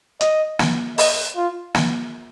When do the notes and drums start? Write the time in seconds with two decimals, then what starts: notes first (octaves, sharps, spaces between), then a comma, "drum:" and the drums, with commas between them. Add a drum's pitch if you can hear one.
0.21 D#5, drum: hi-hat
0.59 drum: snare
0.98 D#5, drum: open hi-hat
1.36 F4
1.75 drum: snare